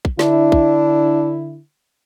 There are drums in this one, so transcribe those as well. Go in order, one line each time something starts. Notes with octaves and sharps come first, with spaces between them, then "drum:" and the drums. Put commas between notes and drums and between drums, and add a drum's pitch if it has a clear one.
drum: kick
D3 D4 E4, drum: snare
drum: kick